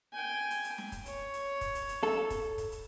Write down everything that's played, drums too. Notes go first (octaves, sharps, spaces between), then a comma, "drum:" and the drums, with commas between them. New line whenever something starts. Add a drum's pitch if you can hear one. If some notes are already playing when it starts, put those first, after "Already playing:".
G5 G#5
drum: hi-hat
drum: hi-hat
drum: snare
drum: kick, hi-hat
C#5, drum: hi-hat
drum: hi-hat
drum: kick, hi-hat
drum: hi-hat
drum: hi-hat
A4, drum: snare
drum: kick, hi-hat
drum: kick, hi-hat
drum: hi-hat